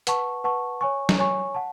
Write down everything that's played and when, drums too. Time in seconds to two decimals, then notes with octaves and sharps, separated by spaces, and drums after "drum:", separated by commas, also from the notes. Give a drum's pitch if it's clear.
0.07 B4 F#5 A5 C#6, drum: hi-hat
0.44 B4 F#5 A5 C#6
0.81 C#5 G#5 C#6
1.09 drum: snare
1.18 C#5 G#5 C#6
1.55 F#5 A5